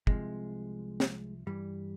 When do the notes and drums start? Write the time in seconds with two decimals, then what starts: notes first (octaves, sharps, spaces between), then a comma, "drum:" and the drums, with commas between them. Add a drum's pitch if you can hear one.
0.07 C2 C3 F3 G#3, drum: kick
1.00 drum: snare
1.47 G2 E3 G3